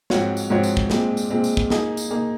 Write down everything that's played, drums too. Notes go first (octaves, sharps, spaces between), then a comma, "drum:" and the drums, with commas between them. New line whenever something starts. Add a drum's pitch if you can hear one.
G#2 F3 C4 F#4 C#5, drum: snare
drum: tambourine
G#2 F3 C4 F#4 C#5
drum: tambourine
drum: kick
A#2 G#3 C4, drum: snare
drum: tambourine
A#2 G#3 C4
drum: tambourine
drum: kick
A#3 D#4 G#4, drum: snare
drum: tambourine
A#3 D#4 G#4